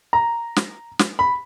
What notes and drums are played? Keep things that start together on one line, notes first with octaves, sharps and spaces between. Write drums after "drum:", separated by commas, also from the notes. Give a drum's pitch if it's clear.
A#5
drum: snare
drum: snare
B5